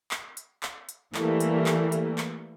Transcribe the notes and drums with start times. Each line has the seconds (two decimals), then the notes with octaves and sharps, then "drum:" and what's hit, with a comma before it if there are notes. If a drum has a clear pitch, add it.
0.11 drum: clap
0.37 drum: hi-hat
0.63 drum: clap
0.89 drum: hi-hat
1.14 E3 G3 A3 A#3, drum: clap
1.40 drum: hi-hat
1.66 drum: clap
1.92 drum: hi-hat
2.18 drum: clap